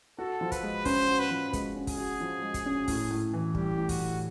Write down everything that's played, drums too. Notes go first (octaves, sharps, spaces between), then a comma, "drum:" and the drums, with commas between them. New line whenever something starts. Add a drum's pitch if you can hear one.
F#4 A4
F3
B4, drum: kick, hi-hat
G#3
C#4 C5, drum: kick, open hi-hat
F#4
B4
F3
G#3, drum: kick, hi-hat
C#4
G#4, drum: kick, open hi-hat
F#4
F3
G#3
drum: kick, hi-hat
C#4
A2, drum: kick, open hi-hat
A2
E3
G3 G4, drum: kick
A2
F#4, drum: kick, open hi-hat
A2